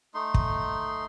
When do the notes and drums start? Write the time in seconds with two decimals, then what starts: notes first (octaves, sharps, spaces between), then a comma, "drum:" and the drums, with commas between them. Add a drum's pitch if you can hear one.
0.14 A3 D#4 C6
0.34 drum: kick